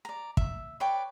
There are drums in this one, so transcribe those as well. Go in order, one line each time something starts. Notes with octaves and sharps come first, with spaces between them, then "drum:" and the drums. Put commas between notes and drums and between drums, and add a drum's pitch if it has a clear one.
D5 A#5
E5, drum: kick
B4 C#5 D5 G5